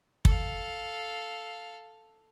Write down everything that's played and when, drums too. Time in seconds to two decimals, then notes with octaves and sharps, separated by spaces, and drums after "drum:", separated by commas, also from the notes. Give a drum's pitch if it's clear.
0.25 A4 F5, drum: kick